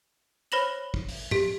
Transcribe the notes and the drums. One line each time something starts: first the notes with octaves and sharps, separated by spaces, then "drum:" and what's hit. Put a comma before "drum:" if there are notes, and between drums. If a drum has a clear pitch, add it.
C5 C#5 B5 A#6 E7 F#7
drum: kick
drum: open hi-hat
G4 B6, drum: tom G#2